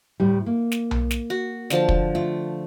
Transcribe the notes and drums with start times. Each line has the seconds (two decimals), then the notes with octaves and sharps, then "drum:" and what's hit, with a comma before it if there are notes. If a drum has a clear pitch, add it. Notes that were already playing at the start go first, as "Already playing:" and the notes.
0.20 D2 A2 G3
0.46 A#3
0.72 drum: snare
0.91 drum: tom B1
1.11 drum: snare
1.30 F#4
1.70 D3 F3 A5, drum: snare
1.89 drum: kick
2.15 A3 F4